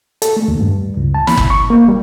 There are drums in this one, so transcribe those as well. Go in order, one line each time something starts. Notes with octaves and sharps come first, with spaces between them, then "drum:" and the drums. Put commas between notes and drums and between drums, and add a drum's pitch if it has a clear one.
A4, drum: hi-hat
A3
D#2
G2
C#2
A5
B5, drum: snare
drum: kick
C#6
A#3
G3